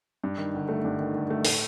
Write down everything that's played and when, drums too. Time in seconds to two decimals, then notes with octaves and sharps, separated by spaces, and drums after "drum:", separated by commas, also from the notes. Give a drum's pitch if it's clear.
0.24 G2
0.38 D#3
0.54 G1
0.69 A3
0.85 G2
0.99 D#3
1.14 G1
1.30 A3
1.45 A2, drum: open hi-hat